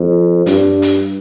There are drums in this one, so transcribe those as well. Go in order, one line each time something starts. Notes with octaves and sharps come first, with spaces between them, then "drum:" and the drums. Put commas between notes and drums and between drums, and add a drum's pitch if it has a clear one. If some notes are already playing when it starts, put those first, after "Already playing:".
Already playing: F2
G2, drum: hi-hat
drum: hi-hat